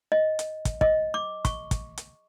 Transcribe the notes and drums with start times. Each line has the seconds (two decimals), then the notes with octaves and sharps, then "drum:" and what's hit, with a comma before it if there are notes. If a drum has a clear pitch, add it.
0.12 D#5
0.39 drum: hi-hat
0.65 drum: kick, hi-hat
0.81 D#5, drum: kick
1.14 D6
1.45 C#6, drum: kick, hi-hat
1.71 drum: kick, hi-hat
1.98 drum: hi-hat